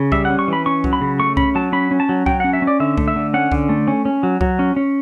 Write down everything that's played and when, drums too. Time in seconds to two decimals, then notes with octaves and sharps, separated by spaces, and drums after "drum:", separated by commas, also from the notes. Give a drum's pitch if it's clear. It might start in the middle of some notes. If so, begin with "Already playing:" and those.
Already playing: C#3
0.12 G3 E5, drum: kick C2
0.25 F#5
0.30 C#4
0.39 C#6
0.48 E3 B5
0.66 C#4 C#6
0.84 F#3, drum: kick C2
0.93 B5
1.01 C#3
1.19 A3 C#6
1.37 C#4 B5, drum: kick C2
1.55 F#3 A5
1.73 C#4 B5
1.91 C#4
2.00 A5
2.09 F#3
2.26 F#3 G5, drum: kick C2
2.40 C#4 F#5
2.53 E5
2.62 C#4
2.67 D5
2.80 D3 E5
2.98 A3, drum: kick C2
3.08 E5
3.16 D3
3.34 C#4 F#5
3.52 D3, drum: kick C2
3.69 A3
3.88 C#4
4.05 C#4
4.23 F#3
4.41 F#3, drum: kick C2
4.59 C#4
4.76 C#4